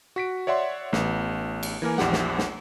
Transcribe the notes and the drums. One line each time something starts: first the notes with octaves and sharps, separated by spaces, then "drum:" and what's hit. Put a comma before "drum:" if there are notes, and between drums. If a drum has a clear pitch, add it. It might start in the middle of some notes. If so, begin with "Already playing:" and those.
F#4 B6 D7
C#5 D5 E5 F#5 C6
A1 B3, drum: snare
drum: cymbal
E3 A#3 A#4 G#5
A#1 E2 G4 F#5, drum: snare
drum: snare
drum: snare